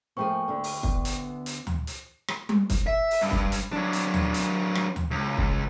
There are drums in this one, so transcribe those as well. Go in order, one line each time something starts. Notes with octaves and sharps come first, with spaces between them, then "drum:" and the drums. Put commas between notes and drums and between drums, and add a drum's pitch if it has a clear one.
F3 A3 A#3 G#4 A4 G5 C#6
D2 D3
drum: open hi-hat
B3, drum: kick
drum: hi-hat
drum: hi-hat
drum: tom D2
drum: hi-hat
drum: rim click
drum: tom G3
drum: kick, hi-hat
E5
drum: open hi-hat
G2
drum: kick
drum: hi-hat
F#3 D4
drum: hi-hat
drum: tom D2
drum: hi-hat
drum: rim click
drum: tom D2
C#2
drum: kick